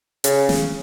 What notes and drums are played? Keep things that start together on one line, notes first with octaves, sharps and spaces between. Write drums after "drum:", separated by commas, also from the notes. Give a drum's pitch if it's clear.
C#3, drum: hi-hat
drum: snare